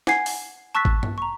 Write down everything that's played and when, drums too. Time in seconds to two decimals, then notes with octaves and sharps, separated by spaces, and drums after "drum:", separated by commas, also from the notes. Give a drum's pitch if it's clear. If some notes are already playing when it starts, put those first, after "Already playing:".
0.07 F#5 G#5 G#6 C7, drum: snare
0.26 drum: open hi-hat
0.75 A5 C#6 E6 F#6 A6 B6
0.85 drum: kick G#1
1.03 drum: tom G2
1.18 A#5 C#6